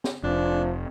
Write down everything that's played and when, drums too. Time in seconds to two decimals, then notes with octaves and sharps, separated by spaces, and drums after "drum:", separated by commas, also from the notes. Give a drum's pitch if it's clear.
0.04 drum: snare
0.23 F1 F3 D4